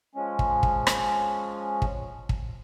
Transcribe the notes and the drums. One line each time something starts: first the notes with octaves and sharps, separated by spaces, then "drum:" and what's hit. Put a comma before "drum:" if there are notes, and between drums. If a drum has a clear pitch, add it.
F3 G#3 C#4
drum: kick
drum: kick
drum: rim click
drum: kick
drum: kick